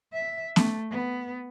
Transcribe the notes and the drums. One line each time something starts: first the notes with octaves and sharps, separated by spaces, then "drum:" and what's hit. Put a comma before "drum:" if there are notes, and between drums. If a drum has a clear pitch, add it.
E5
A3, drum: snare B3
B3